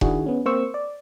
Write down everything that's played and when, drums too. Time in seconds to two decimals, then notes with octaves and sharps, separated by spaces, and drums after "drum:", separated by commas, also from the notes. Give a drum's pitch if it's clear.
0.01 D#3 D4 E4 F#4 G#4, drum: kick F1
0.26 B3 C#4
0.46 A#3 C4 C5 C#6 E6
0.74 D5